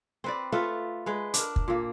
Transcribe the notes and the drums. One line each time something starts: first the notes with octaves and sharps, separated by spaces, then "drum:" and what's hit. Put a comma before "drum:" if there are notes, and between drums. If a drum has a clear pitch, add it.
C4 B4 D5
A3 F4 B4 E5
G#3 B4
D4 A#4, drum: hi-hat
drum: kick
A#2 A#3